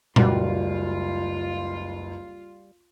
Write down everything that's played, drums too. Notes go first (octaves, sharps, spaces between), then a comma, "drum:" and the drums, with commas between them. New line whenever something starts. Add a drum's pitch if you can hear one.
F#1 C#2 G3 F4 F#4 D5 C6, drum: tom A#2